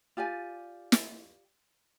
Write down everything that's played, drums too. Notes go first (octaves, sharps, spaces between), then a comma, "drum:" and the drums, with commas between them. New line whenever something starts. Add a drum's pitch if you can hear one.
F4 G4 D5 G#5
drum: snare